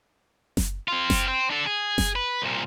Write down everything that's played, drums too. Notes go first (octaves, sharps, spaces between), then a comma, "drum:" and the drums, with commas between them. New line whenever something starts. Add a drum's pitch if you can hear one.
drum: snare F#1
C4 F4
drum: snare F#1
C4
D4 A4
G#4
drum: snare F#1
B4
C2 A#2